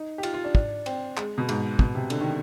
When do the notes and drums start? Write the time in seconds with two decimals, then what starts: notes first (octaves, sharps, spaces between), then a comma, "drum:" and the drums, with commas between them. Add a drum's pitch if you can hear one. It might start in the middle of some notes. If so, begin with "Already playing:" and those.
Already playing: D#4
0.18 G4
0.23 F4, drum: cymbal
0.34 F4
0.44 D4
0.55 D4, drum: kick
0.86 C4, drum: cymbal
1.17 G#3, drum: clap
1.38 B2
1.49 G#2, drum: cymbal
1.79 B2, drum: kick
1.95 C3
2.10 D3, drum: cymbal
2.21 D#3